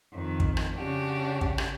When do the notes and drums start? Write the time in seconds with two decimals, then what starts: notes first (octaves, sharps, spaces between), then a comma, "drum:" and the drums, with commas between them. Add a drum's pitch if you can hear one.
0.12 F2 D#3
0.40 drum: kick
0.57 drum: rim click
0.74 C#3 D4 F#4 G4
1.41 drum: kick
1.58 drum: rim click